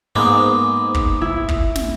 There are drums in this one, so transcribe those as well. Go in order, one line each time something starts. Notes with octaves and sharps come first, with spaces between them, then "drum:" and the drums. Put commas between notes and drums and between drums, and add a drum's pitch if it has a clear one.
G#2 G#3 A#3 B3 D6
drum: kick
E4
drum: kick
drum: snare